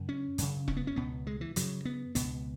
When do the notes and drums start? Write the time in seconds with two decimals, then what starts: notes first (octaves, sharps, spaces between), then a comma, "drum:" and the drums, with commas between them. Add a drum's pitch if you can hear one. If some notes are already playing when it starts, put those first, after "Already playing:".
Already playing: F#2 C#3
0.09 C#4
0.38 F#2 C#3, drum: hi-hat
0.68 C#4, drum: kick E1
0.77 B3
0.87 C#4
0.96 C#2 B2 B3
1.27 G#3
1.41 E3
1.56 F#2 C#3 F#3, drum: hi-hat
1.85 B3
2.15 C#2 B2 B3, drum: hi-hat